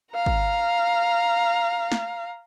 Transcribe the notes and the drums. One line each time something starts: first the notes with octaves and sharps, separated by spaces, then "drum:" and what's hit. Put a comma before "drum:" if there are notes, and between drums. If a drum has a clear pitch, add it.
F5 A#5
drum: kick G#1
drum: snare